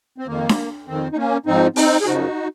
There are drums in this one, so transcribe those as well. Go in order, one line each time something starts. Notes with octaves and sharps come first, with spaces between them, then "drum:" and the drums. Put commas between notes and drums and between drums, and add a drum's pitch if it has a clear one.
C4
F2 D#3 A#3
drum: snare D4
F2 D#3 C4
D#4
A#3 C#4
G#2 F3 C4 D#4
C4 D#4, drum: open hi-hat
G#4
F#2 C#3 F3 D#4 F#4